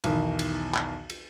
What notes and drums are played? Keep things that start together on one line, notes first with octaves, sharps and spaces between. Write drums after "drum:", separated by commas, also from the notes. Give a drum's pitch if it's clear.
B1 E2 D#3 E3, drum: cymbal
drum: cymbal
drum: clap
drum: cymbal